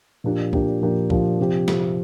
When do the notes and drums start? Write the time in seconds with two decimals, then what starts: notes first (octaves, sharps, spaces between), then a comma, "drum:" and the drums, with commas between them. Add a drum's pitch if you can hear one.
0.24 A#2 F3 A#3 D4 G4
0.53 A#2 F3 A#3 D4 G4, drum: kick C2
0.81 A#2 F3 A#3 D4 G4
1.10 A#2 F3 A#3 D4 G4, drum: kick C2
1.39 C3 F3 C4 G4
1.68 C3 F3 C4 G4, drum: snare